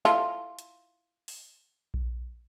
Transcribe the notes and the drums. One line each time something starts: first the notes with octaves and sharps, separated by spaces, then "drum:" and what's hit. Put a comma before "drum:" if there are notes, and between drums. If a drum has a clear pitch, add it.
E4 F4 A4, drum: snare
drum: hi-hat
drum: open hi-hat
drum: kick A#1